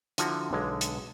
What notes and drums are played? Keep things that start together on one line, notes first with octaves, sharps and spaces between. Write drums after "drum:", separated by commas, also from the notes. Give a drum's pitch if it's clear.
D3 F3 E4 F#4 F#5 A#5, drum: hi-hat
B1 D3 G#3
drum: hi-hat